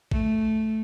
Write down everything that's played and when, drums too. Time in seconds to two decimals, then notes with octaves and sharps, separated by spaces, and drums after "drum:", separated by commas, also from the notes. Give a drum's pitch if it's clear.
0.12 A3, drum: kick